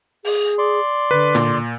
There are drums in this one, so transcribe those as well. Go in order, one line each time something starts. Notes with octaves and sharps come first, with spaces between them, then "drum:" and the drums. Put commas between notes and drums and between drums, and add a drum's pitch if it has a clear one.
G#4, drum: open hi-hat
D5 C6
D3 B4
A#2, drum: tom